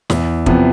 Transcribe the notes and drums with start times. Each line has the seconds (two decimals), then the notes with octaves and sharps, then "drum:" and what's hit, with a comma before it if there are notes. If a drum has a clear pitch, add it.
0.10 E2, drum: snare
0.46 C3 F3 B3, drum: kick